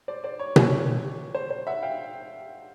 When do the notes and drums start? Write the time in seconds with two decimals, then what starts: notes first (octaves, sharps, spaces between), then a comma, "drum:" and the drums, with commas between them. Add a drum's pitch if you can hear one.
0.08 C5 D5
0.24 C5 D5
0.39 C#5
0.56 C#5, drum: tom B2
1.35 C5
1.50 C5
1.67 E5 F#5
1.83 F5 G5